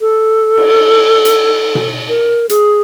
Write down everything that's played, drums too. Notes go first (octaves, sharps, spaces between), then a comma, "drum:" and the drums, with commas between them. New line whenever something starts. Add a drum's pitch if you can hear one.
A4
drum: cymbal
drum: hi-hat
drum: tom B2
A#4
G#4, drum: hi-hat